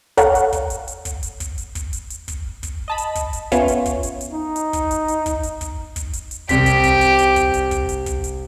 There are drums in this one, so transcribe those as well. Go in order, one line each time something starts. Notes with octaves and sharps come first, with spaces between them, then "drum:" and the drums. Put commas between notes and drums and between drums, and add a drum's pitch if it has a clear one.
A4 C#5 F5 F#5 A#5, drum: kick, hi-hat
drum: hi-hat
drum: kick, hi-hat
drum: hi-hat
drum: hi-hat
drum: kick, hi-hat
drum: hi-hat
drum: kick, hi-hat
drum: hi-hat
drum: kick, hi-hat
drum: hi-hat
drum: hi-hat
drum: kick, hi-hat
drum: kick, hi-hat
D#5 A5 B5
drum: hi-hat
drum: kick, hi-hat
drum: hi-hat
B3 C#4 E4 F4 C#5, drum: kick, hi-hat
drum: hi-hat
drum: kick, hi-hat
drum: hi-hat
drum: hi-hat
D#4
drum: hi-hat
drum: kick, hi-hat
drum: hi-hat
drum: hi-hat
drum: kick, hi-hat
drum: hi-hat
drum: kick, hi-hat
drum: kick, hi-hat
drum: hi-hat
drum: hi-hat
C2 C4 G4 B6, drum: kick, hi-hat
drum: hi-hat
drum: kick, hi-hat
drum: hi-hat
drum: hi-hat
drum: kick, hi-hat
drum: hi-hat
drum: kick, hi-hat
drum: hi-hat
drum: kick, hi-hat
drum: hi-hat